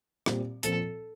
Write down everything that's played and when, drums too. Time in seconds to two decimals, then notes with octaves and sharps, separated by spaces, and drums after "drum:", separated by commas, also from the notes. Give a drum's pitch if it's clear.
0.26 A#2 G3 C4 G4, drum: rim click
0.63 A#2 F3 C4 F4 A4, drum: hi-hat